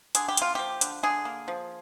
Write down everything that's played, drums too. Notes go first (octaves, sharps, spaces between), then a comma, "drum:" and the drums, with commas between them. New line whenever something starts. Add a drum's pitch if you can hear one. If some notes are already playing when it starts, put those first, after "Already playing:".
D3 G#4, drum: hi-hat
G4
A#3 F4, drum: hi-hat
F3 G4
D3, drum: hi-hat
D3 G#4
A#3
F3